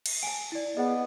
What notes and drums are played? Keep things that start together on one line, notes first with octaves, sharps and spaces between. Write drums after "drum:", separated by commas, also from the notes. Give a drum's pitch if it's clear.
drum: cymbal
G#5 A5 D7
E4 D5
B3 G#4 D5 D#5 F#5